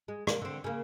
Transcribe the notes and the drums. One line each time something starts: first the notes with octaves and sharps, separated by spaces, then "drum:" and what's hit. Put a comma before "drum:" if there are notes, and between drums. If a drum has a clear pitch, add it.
G#3
A#3, drum: rim click
D3 C4
C#3 A#3